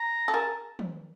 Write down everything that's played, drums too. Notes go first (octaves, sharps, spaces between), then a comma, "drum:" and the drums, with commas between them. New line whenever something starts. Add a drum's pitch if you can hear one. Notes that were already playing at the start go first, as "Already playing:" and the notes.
Already playing: A#5
A4
G#4 A#4 A5
drum: tom